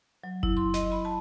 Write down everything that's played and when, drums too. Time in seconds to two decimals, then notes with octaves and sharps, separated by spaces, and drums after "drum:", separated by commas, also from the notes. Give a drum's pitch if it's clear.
0.24 F#3
0.43 E4, drum: kick F#1
0.57 C6
0.74 D#5, drum: snare
0.92 B5
1.05 A5